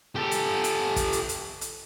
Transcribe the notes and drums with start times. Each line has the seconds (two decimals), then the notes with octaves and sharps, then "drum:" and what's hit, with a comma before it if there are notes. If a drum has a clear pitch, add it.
0.15 G4 A4
0.31 drum: hi-hat
0.64 drum: hi-hat
0.96 drum: kick, hi-hat
1.13 drum: hi-hat
1.29 drum: hi-hat
1.61 drum: hi-hat